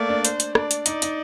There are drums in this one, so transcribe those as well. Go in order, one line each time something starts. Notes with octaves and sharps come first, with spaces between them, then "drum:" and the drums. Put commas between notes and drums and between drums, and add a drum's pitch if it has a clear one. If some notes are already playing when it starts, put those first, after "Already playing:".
Already playing: A3 A#3 D5
D4
C5, drum: hi-hat
drum: hi-hat
D4 D5, drum: rim click
drum: hi-hat
D#4 D5, drum: hi-hat
D#4, drum: hi-hat